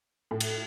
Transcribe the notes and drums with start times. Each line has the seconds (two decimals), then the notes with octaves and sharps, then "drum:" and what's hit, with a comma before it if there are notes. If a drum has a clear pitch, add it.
0.31 A2
0.41 drum: cymbal